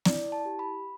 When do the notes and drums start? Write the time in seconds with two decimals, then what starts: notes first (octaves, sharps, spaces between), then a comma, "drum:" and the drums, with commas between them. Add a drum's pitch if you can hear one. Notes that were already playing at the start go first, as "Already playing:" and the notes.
0.05 E4 D5, drum: snare
0.32 A5
0.45 G4
0.59 B5